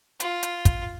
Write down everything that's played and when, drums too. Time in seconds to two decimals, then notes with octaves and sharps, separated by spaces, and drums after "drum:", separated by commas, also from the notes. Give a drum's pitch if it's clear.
0.20 F4, drum: hi-hat
0.43 drum: hi-hat
0.65 drum: kick, hi-hat